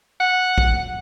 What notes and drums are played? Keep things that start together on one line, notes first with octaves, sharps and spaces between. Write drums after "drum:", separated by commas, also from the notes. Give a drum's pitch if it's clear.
F#5
drum: kick